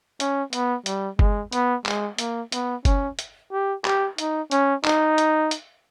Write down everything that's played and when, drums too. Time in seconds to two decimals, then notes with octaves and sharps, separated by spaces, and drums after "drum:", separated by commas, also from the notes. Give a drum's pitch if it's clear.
0.20 C#4, drum: hi-hat
0.53 B3, drum: hi-hat
0.86 G3, drum: hi-hat
1.19 G#3, drum: kick F#1
1.52 B3, drum: hi-hat
1.86 G#3, drum: clap
2.19 A#3, drum: hi-hat
2.52 B3, drum: hi-hat
2.85 C#4, drum: kick F#1, hi-hat
3.19 drum: hi-hat
3.52 G4
3.85 G4, drum: clap
4.18 D#4, drum: hi-hat
4.51 C#4, drum: hi-hat
4.85 D#4, drum: clap
5.18 drum: hi-hat
5.51 drum: hi-hat